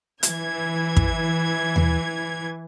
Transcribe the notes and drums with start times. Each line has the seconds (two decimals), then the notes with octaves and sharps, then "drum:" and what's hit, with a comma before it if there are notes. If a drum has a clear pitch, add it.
0.23 E3 G#6, drum: hi-hat
0.97 drum: kick
1.76 drum: tom D#2